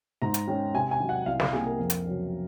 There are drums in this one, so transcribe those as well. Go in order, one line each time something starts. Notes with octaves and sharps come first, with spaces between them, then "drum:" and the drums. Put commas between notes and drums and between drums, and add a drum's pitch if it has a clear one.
G#2 A#5
drum: hi-hat
D#3 G#3 C#4
C3 G#5
G#5
D#3 F#3
F#5
C2 F5
F5, drum: snare
C3 D#3 A#3 G#4
A#4
F2
drum: hi-hat
C#3 F#3 C#4